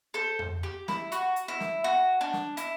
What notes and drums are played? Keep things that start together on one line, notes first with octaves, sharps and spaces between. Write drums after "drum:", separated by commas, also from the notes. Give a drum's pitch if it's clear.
A4 C5
drum: tom F2
G4
E4, drum: snare
F#4, drum: hi-hat
drum: hi-hat
E4
drum: snare
F#4
D4
drum: snare
E4, drum: hi-hat